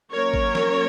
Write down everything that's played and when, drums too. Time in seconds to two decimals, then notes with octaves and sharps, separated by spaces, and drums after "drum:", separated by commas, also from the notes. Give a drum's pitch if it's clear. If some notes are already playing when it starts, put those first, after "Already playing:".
0.12 F#3 A#3 C#4 A#4 C#5
0.34 drum: kick G#1
0.55 drum: snare